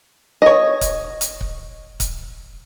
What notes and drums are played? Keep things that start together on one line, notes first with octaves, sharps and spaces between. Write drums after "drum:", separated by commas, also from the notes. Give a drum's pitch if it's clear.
C#5 D#5
drum: kick C#1, hi-hat
drum: hi-hat
drum: kick C#1
drum: kick C#1, hi-hat